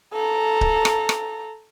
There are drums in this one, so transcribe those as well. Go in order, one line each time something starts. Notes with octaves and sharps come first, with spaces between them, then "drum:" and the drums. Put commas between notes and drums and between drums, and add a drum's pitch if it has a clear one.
A4 A#5
drum: kick D1
drum: rim click
drum: rim click